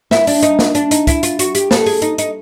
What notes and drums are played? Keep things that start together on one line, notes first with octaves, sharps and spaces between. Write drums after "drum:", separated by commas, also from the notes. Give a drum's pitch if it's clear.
E4, drum: snare
D4, drum: open hi-hat
D#4, drum: hi-hat
drum: snare
D4, drum: hi-hat
D#4, drum: hi-hat
E4, drum: kick, hi-hat
F4, drum: hi-hat
F#4, drum: hi-hat
G4, drum: hi-hat
A4, drum: snare
G#4, drum: open hi-hat
D#4, drum: hi-hat
D#4, drum: hi-hat